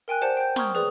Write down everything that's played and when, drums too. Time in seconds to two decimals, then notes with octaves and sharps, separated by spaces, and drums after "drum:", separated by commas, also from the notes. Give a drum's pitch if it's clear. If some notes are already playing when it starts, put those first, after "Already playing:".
0.08 A#4 G5 G#5 F#6
0.22 G4 C5 D5 F#5 A5 G6
0.37 G5 G6
0.56 A#5 C6 C#6 D#6 F6 G#6, drum: snare
0.75 G#4 B4 D5 D#6